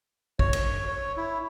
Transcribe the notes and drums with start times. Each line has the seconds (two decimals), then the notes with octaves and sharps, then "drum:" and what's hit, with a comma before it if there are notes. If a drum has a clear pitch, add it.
0.39 C#5, drum: kick
0.53 drum: cymbal
0.88 C#5
1.17 E4